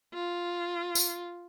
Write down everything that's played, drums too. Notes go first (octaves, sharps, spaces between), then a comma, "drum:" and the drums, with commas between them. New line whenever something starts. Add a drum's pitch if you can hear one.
F4
drum: tambourine